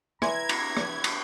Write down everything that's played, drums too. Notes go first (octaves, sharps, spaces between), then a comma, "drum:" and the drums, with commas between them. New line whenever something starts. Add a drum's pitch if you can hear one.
E4 B4 E5 G#5 A#5 C6 G#6, drum: rim click
drum: cymbal
drum: rim click
drum: cymbal